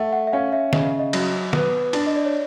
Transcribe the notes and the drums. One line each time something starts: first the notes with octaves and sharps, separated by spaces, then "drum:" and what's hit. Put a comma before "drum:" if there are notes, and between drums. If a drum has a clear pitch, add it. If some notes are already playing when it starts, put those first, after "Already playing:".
Already playing: A3 F#5
F#5
E5
C#4 F5
E5
C#3 D#5, drum: snare D#3
D#5
F#3, drum: cymbal
B3, drum: snare D#3
D4, drum: cymbal
D#5
D5
C#5